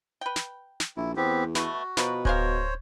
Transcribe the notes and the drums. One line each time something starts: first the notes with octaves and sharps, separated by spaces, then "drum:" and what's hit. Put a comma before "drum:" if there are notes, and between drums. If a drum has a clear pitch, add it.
B4 G5
drum: snare
drum: snare
A#1 E4
E2 B3 C4 G4
B2 A3 F#4 B4, drum: snare
B2 F3 A#4 B4, drum: snare
G#3 A#4 C5 C#5 F5, drum: kick D1